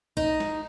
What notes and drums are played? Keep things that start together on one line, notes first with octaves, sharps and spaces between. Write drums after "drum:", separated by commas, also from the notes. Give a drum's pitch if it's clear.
D#4, drum: kick A1
drum: snare